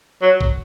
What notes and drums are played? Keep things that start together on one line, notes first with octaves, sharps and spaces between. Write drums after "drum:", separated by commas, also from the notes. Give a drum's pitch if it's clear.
F#3
drum: kick A1